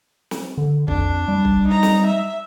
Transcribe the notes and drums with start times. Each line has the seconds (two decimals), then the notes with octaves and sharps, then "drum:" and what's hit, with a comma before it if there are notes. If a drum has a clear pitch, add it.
0.31 drum: snare
0.58 D3
0.88 F2 D4, drum: kick
1.28 G3
1.45 drum: kick
1.67 D#4 A#5
1.83 drum: snare
2.06 E5